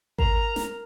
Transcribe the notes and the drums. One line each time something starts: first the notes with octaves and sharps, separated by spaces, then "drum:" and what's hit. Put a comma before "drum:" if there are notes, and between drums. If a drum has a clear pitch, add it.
A#4 A#5, drum: kick G#1
drum: snare